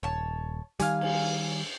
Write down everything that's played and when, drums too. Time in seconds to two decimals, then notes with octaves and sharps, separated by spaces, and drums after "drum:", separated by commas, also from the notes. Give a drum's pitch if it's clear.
0.03 D#1 C#5 A5
0.80 D#3 G3 F5 G#5, drum: hi-hat
1.01 drum: cymbal